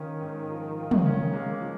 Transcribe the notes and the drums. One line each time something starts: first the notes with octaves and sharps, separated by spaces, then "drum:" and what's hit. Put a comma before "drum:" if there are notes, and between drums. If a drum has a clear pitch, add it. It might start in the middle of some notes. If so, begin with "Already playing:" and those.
Already playing: D#3 C#4 F4
G#2
F3
F4
drum: tom
C#4
G#3 A#3
F3